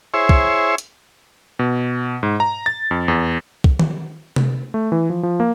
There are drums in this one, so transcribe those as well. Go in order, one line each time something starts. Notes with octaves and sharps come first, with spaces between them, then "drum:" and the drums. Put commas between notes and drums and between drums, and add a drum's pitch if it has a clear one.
E4 G#4 C5 C#5 E5
drum: kick
drum: hi-hat
B2
G#2
A#5
A6
F2
E2
drum: kick
drum: tom D#3
drum: tom C3
A3
E3
F3
F3
A#3